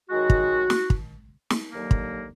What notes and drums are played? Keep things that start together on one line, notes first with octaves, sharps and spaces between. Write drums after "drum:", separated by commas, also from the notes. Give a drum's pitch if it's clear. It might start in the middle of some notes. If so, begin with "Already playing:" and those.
F#2 D#3 G#3 F#4
drum: kick
drum: snare
drum: kick
drum: snare
D#2 D3 F#3 A#3
drum: kick